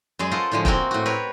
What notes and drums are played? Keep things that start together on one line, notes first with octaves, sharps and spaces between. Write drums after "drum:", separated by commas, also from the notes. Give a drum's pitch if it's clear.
F#2 G#3 G#4 D5
F4 A4 A#4 C5 D#5 F#5
A2 D3 F3 G#3
A#3 C4 F#4 A#4 G5 A5, drum: kick E1
A2 F#4
G4 A#4 B4 C#5